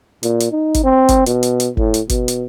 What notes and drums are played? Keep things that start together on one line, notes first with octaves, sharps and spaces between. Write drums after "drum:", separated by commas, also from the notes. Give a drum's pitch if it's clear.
A#2, drum: hi-hat
drum: hi-hat
D#4
drum: kick, hi-hat
C4
drum: kick, hi-hat
B2, drum: hi-hat
drum: hi-hat
drum: hi-hat
A2, drum: kick
drum: hi-hat
B2, drum: kick, hi-hat
drum: hi-hat